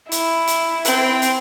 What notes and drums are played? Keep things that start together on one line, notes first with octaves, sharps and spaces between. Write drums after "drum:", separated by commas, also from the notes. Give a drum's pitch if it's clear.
E4, drum: hi-hat
drum: hi-hat
C4, drum: hi-hat
drum: hi-hat